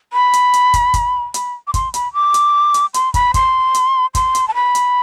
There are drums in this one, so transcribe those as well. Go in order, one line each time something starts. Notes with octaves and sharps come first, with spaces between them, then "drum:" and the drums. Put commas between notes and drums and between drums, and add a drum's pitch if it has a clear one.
B5
drum: hi-hat
drum: hi-hat
drum: kick, hi-hat
drum: kick, hi-hat
B5, drum: hi-hat
D6
C6, drum: kick, hi-hat
B5, drum: hi-hat
D6
drum: hi-hat
drum: hi-hat
C6, drum: hi-hat
B5, drum: kick, hi-hat
C6, drum: kick, hi-hat
drum: hi-hat
C6, drum: kick, hi-hat
drum: hi-hat
A5
B5
drum: hi-hat